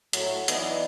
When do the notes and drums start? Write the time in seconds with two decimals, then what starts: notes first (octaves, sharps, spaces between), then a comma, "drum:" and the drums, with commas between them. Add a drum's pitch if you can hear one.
0.13 A2 F#3 A3, drum: hi-hat
0.48 E3 B3 D#4 D5 D#5, drum: hi-hat